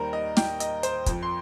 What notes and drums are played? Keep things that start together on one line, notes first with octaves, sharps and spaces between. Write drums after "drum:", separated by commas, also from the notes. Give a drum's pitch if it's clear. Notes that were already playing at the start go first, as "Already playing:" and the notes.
Already playing: D#2 D#3 G3 A#4 C5
D#5
G5, drum: snare
D#5, drum: hi-hat
C5, drum: hi-hat
F2 F3, drum: kick, hi-hat
C6